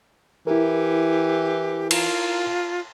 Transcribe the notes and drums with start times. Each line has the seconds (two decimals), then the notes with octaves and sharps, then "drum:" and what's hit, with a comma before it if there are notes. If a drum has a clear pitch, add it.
0.47 E3 E4 G4 A#4
1.91 F4, drum: cymbal